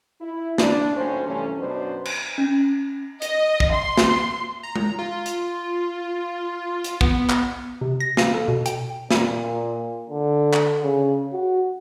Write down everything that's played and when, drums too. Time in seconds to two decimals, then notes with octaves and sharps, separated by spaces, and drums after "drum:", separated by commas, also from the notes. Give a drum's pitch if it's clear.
0.21 E4
0.58 D4, drum: snare
0.95 D#2 A2 F#3 C#4 C5
1.26 G2 C3 E3 A3 C#4
1.59 F#2 B2 F#3 D4 B4 C5
2.05 drum: cymbal
2.38 C#4
3.22 D#5, drum: hi-hat
3.60 drum: kick
3.73 C6
3.97 drum: snare
4.63 A#5
4.76 drum: tom G#3
4.99 F4
5.26 drum: hi-hat
6.84 drum: hi-hat
7.01 B3, drum: kick
7.30 drum: clap
7.81 C3
8.01 A#6
8.17 F5, drum: snare
8.34 A4
8.48 B2
8.66 G5, drum: hi-hat
9.11 A#2, drum: snare
10.10 D3
10.53 drum: clap
10.83 C#3
11.32 F#4